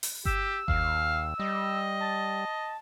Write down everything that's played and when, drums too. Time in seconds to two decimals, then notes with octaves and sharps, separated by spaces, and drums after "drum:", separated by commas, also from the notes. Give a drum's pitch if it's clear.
0.03 drum: open hi-hat
0.25 G4 E6, drum: kick G1
0.68 D#2 F5, drum: kick G1
1.39 G3 D#5
2.00 A5